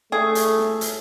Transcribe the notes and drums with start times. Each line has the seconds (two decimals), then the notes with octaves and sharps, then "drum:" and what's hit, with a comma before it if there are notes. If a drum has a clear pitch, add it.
0.12 A3 G#4
0.35 drum: hi-hat
0.58 drum: snare
0.81 drum: hi-hat